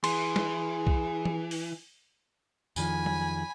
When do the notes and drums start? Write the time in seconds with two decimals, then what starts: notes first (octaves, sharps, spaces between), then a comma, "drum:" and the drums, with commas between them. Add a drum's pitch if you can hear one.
0.04 E3 G#4 C6, drum: cymbal
0.36 drum: snare
0.87 drum: kick B1
1.25 drum: tom E3
1.51 drum: open hi-hat
2.76 F2 D#3 F3 G#5 B5, drum: tambourine
3.06 drum: tom F#3